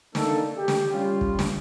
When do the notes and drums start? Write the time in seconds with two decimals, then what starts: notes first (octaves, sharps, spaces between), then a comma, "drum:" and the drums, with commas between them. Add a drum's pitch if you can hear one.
0.15 A3 A#3 D4 D#4 A4, drum: snare
0.58 G4
0.68 drum: snare
0.93 G3 C#4 F4
1.21 drum: kick
1.39 drum: snare